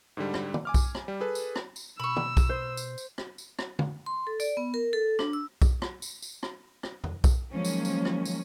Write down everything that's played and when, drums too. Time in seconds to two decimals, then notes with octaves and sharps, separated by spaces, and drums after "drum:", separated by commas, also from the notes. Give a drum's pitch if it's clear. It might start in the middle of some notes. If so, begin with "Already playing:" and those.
0.17 G#2 D3 G3
0.34 drum: rim click
0.54 drum: tom
0.65 G#5 D6 F6
0.74 drum: kick B1, tambourine
0.95 drum: rim click
1.08 G3
1.20 G#4 A4 B4
1.35 drum: tambourine
1.56 drum: rim click
1.76 drum: tambourine
2.00 B2 B5 C#6 E6
2.16 drum: tom
2.37 drum: kick B1, tambourine
2.49 C5
2.77 drum: tambourine
2.98 drum: tambourine
3.18 drum: rim click
3.38 drum: tambourine
3.59 drum: rim click
3.79 drum: tom
4.06 C6
4.27 A4
4.40 D5, drum: tambourine
4.57 B3
4.74 A#4
4.93 A4
5.19 D4, drum: rim click
5.33 E6
5.62 drum: kick B1, tambourine
5.82 drum: rim click
6.02 drum: tambourine
6.22 drum: tambourine
6.43 drum: rim click
6.83 drum: rim click
7.04 drum: tom E2
7.24 drum: kick B1, tambourine
7.52 D#3 F3 F#3 G#3 A#3 C#4
7.65 drum: tambourine
7.85 drum: tambourine
8.05 drum: rim click
8.25 drum: tambourine